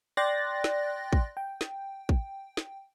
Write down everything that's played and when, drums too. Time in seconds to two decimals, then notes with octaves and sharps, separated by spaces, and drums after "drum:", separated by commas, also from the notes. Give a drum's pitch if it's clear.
0.17 D5 G5 C6 F#6 A6 A#6
0.64 drum: snare
1.13 drum: kick
1.37 G5
1.61 drum: snare
2.09 drum: kick
2.57 drum: snare